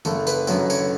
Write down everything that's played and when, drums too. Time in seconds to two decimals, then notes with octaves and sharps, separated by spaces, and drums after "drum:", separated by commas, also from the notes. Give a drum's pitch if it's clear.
0.05 F#1 A4, drum: tambourine
0.27 B4, drum: tambourine
0.47 F#2 D3 F#3 C#5, drum: tambourine
0.70 C#5, drum: tambourine